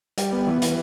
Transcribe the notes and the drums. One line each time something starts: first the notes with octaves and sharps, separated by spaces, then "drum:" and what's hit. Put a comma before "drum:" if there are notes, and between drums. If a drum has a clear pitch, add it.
G3, drum: hi-hat
B3
E3
E3, drum: hi-hat